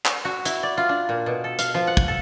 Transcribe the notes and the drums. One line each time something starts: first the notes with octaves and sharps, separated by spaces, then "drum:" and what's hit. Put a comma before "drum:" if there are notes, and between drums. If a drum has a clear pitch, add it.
drum: clap
F#4
E4, drum: hi-hat
D5
F4
D4
A#2
B2
A4
F5, drum: hi-hat
F3
F#5
drum: kick
A4